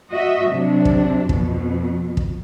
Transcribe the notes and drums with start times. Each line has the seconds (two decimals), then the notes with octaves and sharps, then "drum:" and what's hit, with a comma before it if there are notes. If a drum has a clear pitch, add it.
0.11 F#4 D#5 E5
0.49 C3 F#3 D4
0.85 drum: kick
1.29 F2 B2, drum: kick
2.17 drum: kick